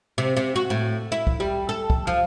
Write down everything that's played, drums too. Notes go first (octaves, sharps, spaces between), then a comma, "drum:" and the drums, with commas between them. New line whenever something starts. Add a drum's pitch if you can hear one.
C3
C3
F#4
A2
E4
drum: kick
G3
A4
drum: kick
F3